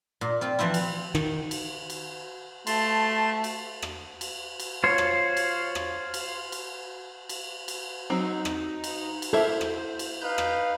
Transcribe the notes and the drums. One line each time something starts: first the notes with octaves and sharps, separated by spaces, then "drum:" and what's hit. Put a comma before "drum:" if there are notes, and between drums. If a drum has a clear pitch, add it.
A#2
C4 F4
E3 F3 C4 E4
drum: cymbal
D#3, drum: rim click
drum: cymbal
drum: cymbal
A3 A5 C6, drum: cymbal
drum: cymbal
drum: rim click
drum: cymbal
drum: cymbal
F4 C5 C#5
drum: rim click
drum: cymbal
drum: rim click
drum: cymbal
drum: cymbal
drum: cymbal
drum: cymbal
F#3 C4 D#4
drum: rim click
drum: cymbal
drum: cymbal
A#3 E4 A4 C5 E5
drum: rim click
drum: cymbal
D#4 B4 F5 G6
drum: rim click